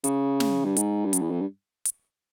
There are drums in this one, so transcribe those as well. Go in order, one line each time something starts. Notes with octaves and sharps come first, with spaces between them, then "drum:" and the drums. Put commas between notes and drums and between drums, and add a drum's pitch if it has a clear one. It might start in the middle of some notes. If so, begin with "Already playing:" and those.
C#3, drum: hi-hat
drum: snare
G2
G#2, drum: hi-hat
G2
F#2, drum: hi-hat
E2
F2
G2
drum: hi-hat